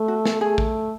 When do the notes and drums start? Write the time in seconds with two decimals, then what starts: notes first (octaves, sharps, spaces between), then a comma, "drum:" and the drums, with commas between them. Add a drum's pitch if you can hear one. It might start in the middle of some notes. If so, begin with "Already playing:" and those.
Already playing: A3
0.08 F#4
0.26 A4, drum: snare
0.41 A3 G#4
0.58 drum: kick